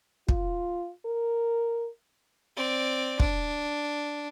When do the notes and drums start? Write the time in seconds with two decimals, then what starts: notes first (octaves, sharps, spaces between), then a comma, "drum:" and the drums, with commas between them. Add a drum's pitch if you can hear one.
0.29 F4, drum: kick
1.05 A#4
2.56 C4 D5
3.20 D4, drum: kick